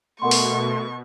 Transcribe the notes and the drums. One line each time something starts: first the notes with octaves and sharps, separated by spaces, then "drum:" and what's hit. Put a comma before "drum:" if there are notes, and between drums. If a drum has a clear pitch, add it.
B2 A3 A#4 F#5 C6 C#6
drum: open hi-hat